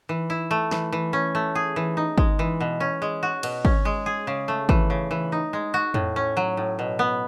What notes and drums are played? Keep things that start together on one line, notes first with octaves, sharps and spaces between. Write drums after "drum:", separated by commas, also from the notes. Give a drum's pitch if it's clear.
E3
E4
A3
E3, drum: snare
E3
C#4
A3
G#4
E3
D#4
G#3, drum: kick
E3
B2
C#4
G#3
F#4
B2, drum: cymbal
C#4, drum: kick
G#3
G#4
C#3
A3
E3, drum: kick
C#3
E3
D#4
G#3
F#4
A2, drum: tom
C#4
F#3
A2
B2
B3